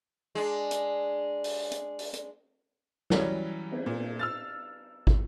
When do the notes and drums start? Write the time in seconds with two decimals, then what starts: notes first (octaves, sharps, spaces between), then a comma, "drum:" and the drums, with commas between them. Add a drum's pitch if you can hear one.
0.35 G#3 D4
0.71 drum: hi-hat
1.44 drum: open hi-hat
1.72 drum: hi-hat
1.99 drum: open hi-hat
2.14 drum: hi-hat
3.10 E3 F#3 G3 C#4, drum: snare
3.72 drum: cymbal
3.86 A#2
4.19 E6 F6 A6
5.07 drum: kick